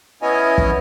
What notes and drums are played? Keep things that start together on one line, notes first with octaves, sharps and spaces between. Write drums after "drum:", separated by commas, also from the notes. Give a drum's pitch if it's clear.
B3 C#4 E4 C#5 D#5 G#5
drum: kick